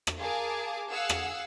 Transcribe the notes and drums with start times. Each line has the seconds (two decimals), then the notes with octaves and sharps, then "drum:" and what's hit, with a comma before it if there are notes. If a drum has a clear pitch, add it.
0.07 drum: rim click
0.19 G#4 A#4 F5 G#5 A5 D6
0.89 G#4 F5 F#5 E6
1.09 drum: rim click